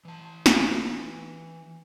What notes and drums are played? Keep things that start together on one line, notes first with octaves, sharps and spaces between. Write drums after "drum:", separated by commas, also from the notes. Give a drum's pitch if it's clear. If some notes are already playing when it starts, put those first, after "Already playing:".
E3 A5
drum: snare